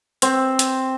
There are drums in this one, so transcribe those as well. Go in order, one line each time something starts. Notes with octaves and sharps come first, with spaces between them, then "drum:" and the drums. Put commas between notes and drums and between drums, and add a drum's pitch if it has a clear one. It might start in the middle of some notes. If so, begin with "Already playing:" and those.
C4, drum: hi-hat
drum: hi-hat